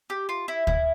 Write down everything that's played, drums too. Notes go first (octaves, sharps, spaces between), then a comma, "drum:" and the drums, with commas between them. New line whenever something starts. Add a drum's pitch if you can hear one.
G4
F4
E4
E4, drum: kick D2